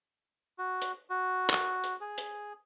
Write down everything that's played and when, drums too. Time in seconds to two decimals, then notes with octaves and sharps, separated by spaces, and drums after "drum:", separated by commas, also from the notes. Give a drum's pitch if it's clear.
0.58 F#4
0.82 drum: hi-hat
1.10 F#4
1.50 drum: clap
1.84 drum: hi-hat
2.01 G#4
2.18 drum: hi-hat